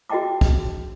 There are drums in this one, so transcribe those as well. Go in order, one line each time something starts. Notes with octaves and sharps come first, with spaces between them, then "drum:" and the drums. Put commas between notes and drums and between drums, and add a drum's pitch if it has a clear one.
F#4 G#4 D#5 G5 A5 D6
drum: kick